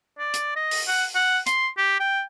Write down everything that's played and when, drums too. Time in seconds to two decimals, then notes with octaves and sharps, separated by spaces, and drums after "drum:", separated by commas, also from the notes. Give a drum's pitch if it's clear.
0.19 D5
0.34 drum: hi-hat
0.56 D#5
0.71 drum: open hi-hat
0.88 F#5
1.15 F#5
1.47 C6, drum: hi-hat
1.78 G4
2.00 G5